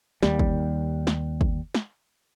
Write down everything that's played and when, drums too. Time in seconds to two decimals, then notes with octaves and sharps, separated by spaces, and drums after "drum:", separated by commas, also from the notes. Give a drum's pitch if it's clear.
0.23 D#2 G3, drum: snare
0.39 drum: kick
1.07 drum: snare
1.41 drum: kick
1.75 drum: snare